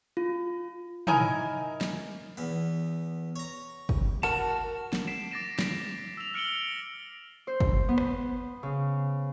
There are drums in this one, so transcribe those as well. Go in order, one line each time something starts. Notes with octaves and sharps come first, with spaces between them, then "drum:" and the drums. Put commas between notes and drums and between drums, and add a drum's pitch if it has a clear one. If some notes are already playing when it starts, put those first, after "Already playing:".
F4
D#4 E4 A#4 G#5, drum: tom
drum: snare
E2 B3
C#5 A#5
drum: kick
F#4 A#4 F#5 A5
drum: snare
B6 C7 D7 E7
D6 A6 A#6 D7 E7
A#6 B6, drum: snare
E6 F7
F6 C#7 D7 F#7 G7
C5
drum: kick
B3
drum: rim click
C#3